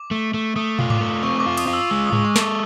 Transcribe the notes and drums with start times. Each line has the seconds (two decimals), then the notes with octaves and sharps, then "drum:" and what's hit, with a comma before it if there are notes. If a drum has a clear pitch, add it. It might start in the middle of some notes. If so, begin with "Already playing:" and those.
Already playing: D6
0.11 A3
0.34 A3
0.56 A3 D#6
0.79 F4, drum: tom
0.90 D6, drum: tom G#2
1.01 A3
1.23 C4 C#6
1.40 D6
1.46 F4
1.57 D#6, drum: cymbal
1.68 F4
1.73 E6
1.90 G#3 E6
2.07 D#6
2.12 G#3, drum: tom G#2
2.25 C#6
2.36 A4, drum: snare
2.41 D6